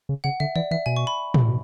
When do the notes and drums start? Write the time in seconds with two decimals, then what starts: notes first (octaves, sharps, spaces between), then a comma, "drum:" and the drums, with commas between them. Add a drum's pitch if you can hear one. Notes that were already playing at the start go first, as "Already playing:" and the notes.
0.09 C#3
0.24 C#3 F#5
0.40 D3 E5
0.56 E3 D5
0.71 E3 E5
0.86 B2 G#5
0.96 C#6
1.07 B5
1.34 drum: tom
1.48 B2